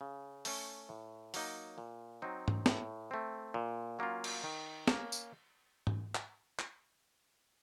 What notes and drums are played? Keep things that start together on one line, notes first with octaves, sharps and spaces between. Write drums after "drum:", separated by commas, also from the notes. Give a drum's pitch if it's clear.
C#3
A3 C#4, drum: open hi-hat
A2
F#3 A#3 D#4, drum: open hi-hat
A#2
F#3 C4 D#4
drum: tom G#2
A2, drum: snare
A3 C4
A#2
F#3 A#3 C#4 F4
drum: cymbal
D#3
A#3 C#4, drum: snare
drum: tambourine
drum: tom G#2
drum: clap
drum: clap